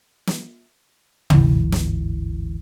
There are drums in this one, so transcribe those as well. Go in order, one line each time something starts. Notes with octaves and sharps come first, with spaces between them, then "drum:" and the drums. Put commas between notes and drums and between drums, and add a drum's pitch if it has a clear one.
drum: snare
G1 D2 G#2 E3, drum: tom
drum: snare